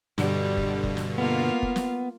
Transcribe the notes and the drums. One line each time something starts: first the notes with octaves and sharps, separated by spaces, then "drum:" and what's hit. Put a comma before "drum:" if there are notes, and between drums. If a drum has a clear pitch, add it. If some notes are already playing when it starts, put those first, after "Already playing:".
G2 B2 D3 G3, drum: snare
drum: kick F1
drum: kick F1
drum: snare
A#3 B3 F4
drum: kick F1
drum: snare